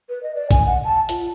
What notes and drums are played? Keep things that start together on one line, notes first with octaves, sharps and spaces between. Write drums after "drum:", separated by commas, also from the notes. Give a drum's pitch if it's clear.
B4
D#5
D5
G#5, drum: kick A#1, hi-hat
F#5
A5
F4, drum: hi-hat